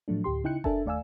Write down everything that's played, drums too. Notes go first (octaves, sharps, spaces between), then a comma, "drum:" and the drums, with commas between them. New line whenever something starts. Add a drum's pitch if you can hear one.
A2 F3 F#3 A3 D4
D2 A2 G4 C6
C#3 D#4 E4 G5 F#6 C#7
D4 A4 A#4 E5 G#5 A5, drum: kick F1
D#2 A3 D5 F5 G#5 E6